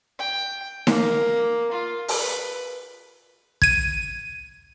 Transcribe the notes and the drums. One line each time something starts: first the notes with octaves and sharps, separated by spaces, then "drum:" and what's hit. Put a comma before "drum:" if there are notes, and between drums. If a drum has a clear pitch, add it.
G5
A#3, drum: snare D#4
F4
drum: open hi-hat
B4
G#6 D#7, drum: kick